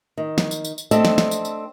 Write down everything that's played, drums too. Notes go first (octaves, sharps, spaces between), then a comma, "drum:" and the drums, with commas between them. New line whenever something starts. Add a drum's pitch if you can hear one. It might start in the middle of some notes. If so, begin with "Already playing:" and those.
D#3
drum: snare
drum: tambourine
drum: tambourine
drum: tambourine
A3 C4 D4 A4 D#5, drum: tambourine
drum: snare
drum: snare
drum: tambourine
drum: tambourine